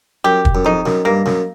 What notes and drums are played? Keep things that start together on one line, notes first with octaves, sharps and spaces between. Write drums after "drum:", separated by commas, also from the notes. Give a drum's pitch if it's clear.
F#2 G4
drum: kick
F#2
F2 D#4
F#2, drum: snare
G2 A#3
F#2, drum: snare